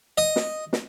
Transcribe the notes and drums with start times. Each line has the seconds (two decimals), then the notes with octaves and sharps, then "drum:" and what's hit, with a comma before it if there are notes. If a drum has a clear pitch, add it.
0.18 D#5
0.36 drum: snare
0.73 drum: snare